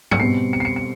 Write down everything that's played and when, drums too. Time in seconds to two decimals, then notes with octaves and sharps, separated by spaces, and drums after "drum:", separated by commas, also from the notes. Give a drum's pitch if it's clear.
0.11 C#7, drum: tom G#2
0.19 B2 G3 C4 C7
0.53 C#7
0.60 C7
0.65 C#7
0.76 C#7